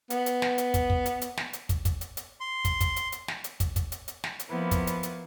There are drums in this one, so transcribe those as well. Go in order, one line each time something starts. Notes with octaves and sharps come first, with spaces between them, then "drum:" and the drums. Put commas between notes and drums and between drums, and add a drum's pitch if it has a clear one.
B3, drum: hi-hat
drum: hi-hat
drum: snare
drum: hi-hat
drum: kick, hi-hat
drum: kick
drum: hi-hat
drum: hi-hat
drum: snare
drum: hi-hat
drum: kick, hi-hat
drum: kick, hi-hat
drum: hi-hat
drum: hi-hat
C6
drum: kick, hi-hat
drum: kick, hi-hat
drum: hi-hat
drum: hi-hat
drum: snare
drum: hi-hat
drum: kick, hi-hat
drum: kick, hi-hat
drum: hi-hat
drum: hi-hat
drum: snare
drum: hi-hat
F3 A#3 B3 E4
drum: kick, hi-hat
drum: hi-hat
drum: hi-hat